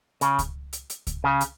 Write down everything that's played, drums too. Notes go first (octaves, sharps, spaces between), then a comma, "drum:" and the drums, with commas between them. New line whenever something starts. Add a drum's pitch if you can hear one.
C#3, drum: hi-hat
drum: kick C#2, hi-hat
drum: hi-hat
drum: hi-hat
drum: kick C#2, hi-hat
C#3
drum: hi-hat